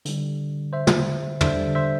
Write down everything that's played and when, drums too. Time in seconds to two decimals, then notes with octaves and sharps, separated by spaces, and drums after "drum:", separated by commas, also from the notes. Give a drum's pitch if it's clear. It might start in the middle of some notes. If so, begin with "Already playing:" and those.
0.05 D3 G3, drum: hi-hat
0.73 C5 E5
0.87 drum: tom
1.41 D3 G3 C5 E5, drum: tom
1.75 C5 E5